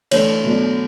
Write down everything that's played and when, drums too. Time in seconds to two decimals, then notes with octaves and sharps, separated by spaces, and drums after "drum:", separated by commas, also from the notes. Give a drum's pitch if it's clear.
0.11 E3 A3 D4 C#5, drum: cymbal
0.44 B2 F#3 A3 D4